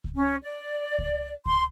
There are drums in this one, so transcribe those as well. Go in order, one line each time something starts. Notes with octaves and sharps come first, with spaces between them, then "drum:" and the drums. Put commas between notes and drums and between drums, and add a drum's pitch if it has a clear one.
drum: kick C#2
C#4
D5
drum: kick C#2
C6, drum: kick C#2